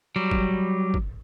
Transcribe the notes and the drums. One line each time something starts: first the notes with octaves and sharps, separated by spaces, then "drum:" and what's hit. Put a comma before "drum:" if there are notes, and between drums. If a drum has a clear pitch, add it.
F#3 G3
drum: kick
drum: kick